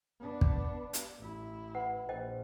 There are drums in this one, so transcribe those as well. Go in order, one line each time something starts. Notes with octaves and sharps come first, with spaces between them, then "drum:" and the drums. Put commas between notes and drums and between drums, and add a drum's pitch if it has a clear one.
B3 D4
drum: kick
drum: hi-hat
A1 E4
B4 F#5
A#1 C5 D#5 G5